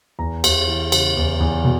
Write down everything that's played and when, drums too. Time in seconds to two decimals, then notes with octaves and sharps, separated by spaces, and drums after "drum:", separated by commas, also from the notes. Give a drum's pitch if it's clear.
0.19 E2 A#5
0.44 E2, drum: cymbal
0.68 E3
0.92 C#3, drum: cymbal
1.17 E2
1.40 E2
1.64 B2